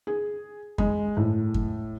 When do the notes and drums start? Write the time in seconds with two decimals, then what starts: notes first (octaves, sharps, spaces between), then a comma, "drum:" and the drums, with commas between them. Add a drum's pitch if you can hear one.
0.07 G#4
0.78 G#3, drum: kick F2
1.17 A2
1.54 drum: kick F2